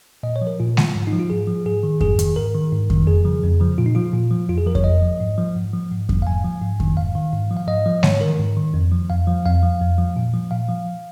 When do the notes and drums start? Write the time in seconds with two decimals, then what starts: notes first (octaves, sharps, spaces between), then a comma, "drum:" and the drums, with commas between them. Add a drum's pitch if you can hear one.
0.23 A#2 D#5
0.36 C#5
0.41 F3
0.47 A#4
0.60 A#2 F4
0.77 F3, drum: snare G#3
0.95 G#2
1.07 D#4
1.13 F3
1.19 F4
1.30 G#2 G#4
1.47 F3
1.65 G#2 G#4
1.83 D#3
2.00 G#2 G#4, drum: kick F2
2.19 D#3, drum: hi-hat
2.36 G#2 A#4
2.55 D#3
2.72 G#2
2.90 D#3, drum: kick F2
3.07 F2 G#4
3.25 C#3 F3
3.43 F2
3.60 C#3 F3
3.78 A#2 F4
3.86 D#4
3.95 F3 F4
4.14 A#2
4.31 F3
4.49 F2 F4
4.58 G#4
4.66 F3 A#4
4.75 C#5, drum: kick F2
4.84 F2 D#5
5.02 F3
5.20 G#2
5.38 F3
5.55 G#2
5.73 F3
5.91 G#2
6.09 F3, drum: kick F2
6.22 F5
6.26 G#2 G#5
6.45 F3
6.62 G#2
6.80 D#3, drum: kick F2
6.97 G#2 F5
7.15 D#3
7.33 G#2
7.51 F3
7.57 F5
7.68 G#2 D#5
7.86 F3
8.03 G#2 C#5, drum: snare G#3
8.21 D#3 A#4
8.39 G#2
8.57 D#3
8.74 F2
8.92 F3
9.10 F2 F5
9.27 F3
9.45 F2 F5
9.63 F3
9.81 F2
9.98 F3
10.17 A#2
10.34 F3
10.51 A#2 F5
10.69 F3